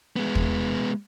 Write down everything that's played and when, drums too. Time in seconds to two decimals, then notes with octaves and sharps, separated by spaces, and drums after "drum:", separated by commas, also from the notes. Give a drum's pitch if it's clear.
0.16 G#3 B3
0.35 drum: kick